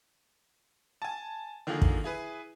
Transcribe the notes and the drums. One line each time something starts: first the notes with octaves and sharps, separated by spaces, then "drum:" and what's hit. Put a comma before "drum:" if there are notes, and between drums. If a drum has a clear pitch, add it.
G#5 A5
D3 D#3 F3 A#3 G#4
drum: kick
E4 G#4 B4